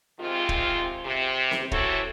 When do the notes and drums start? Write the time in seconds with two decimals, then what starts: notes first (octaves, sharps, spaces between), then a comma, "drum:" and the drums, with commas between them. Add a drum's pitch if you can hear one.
0.20 C3 D#3 G#3 C4 F4
0.49 drum: kick
1.05 C3
1.51 drum: snare C4
1.72 C3 E3 E4 F#4 A4 C#5, drum: kick